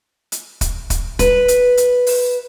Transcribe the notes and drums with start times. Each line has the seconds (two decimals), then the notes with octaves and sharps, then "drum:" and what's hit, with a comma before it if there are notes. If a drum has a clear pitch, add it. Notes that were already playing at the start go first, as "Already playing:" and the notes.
0.32 drum: hi-hat
0.61 drum: kick, hi-hat
0.90 drum: kick, hi-hat
1.19 B4, drum: kick, hi-hat
1.48 drum: hi-hat
1.77 drum: hi-hat
2.07 drum: open hi-hat